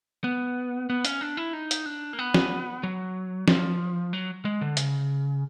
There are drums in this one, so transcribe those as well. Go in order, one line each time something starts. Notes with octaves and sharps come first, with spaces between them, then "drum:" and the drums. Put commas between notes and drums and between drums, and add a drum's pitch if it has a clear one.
B3
B3
C#4, drum: hi-hat
D4
E4
D#4
drum: hi-hat
D4
A#3
B3
drum: snare
F#3
F3, drum: snare
F#3
G#3
D3
C#3, drum: hi-hat